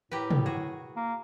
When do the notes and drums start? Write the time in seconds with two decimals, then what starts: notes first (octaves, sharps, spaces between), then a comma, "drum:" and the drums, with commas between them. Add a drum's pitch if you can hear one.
0.12 A2 G4 A#4 B4
0.31 drum: tom
0.46 F#4 G#4
0.96 A#3